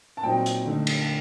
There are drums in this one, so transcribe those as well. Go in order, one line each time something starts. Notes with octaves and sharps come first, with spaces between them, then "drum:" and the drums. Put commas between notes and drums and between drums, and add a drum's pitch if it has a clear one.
A5
A#2 F#3 C4 D#4 G5
drum: hi-hat
D3 A3 D#4
drum: cymbal